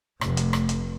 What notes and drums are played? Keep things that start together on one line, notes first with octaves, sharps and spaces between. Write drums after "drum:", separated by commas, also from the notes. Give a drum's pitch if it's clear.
F1 A3, drum: rim click
drum: hi-hat
drum: rim click
drum: hi-hat